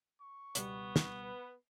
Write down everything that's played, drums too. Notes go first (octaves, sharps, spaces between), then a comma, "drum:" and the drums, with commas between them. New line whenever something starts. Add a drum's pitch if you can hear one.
C#6
C#2 B2 G3 B3, drum: hi-hat
drum: snare
B4